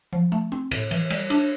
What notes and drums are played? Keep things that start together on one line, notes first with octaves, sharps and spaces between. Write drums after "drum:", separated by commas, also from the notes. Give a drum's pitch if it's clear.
F3
A3
C4
A2, drum: cymbal
E3, drum: cymbal
G3, drum: cymbal
D4, drum: cymbal